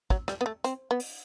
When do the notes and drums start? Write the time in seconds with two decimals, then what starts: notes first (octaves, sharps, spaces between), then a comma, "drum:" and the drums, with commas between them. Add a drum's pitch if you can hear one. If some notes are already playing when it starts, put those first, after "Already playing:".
0.10 F#3, drum: kick
0.28 G3, drum: rim click
0.41 B3
0.46 A3
0.64 C4, drum: hi-hat
0.91 B3
1.00 drum: open hi-hat